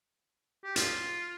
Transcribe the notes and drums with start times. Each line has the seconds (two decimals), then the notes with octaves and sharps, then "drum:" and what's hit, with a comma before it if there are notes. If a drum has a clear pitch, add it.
0.64 G4
0.76 F4, drum: hi-hat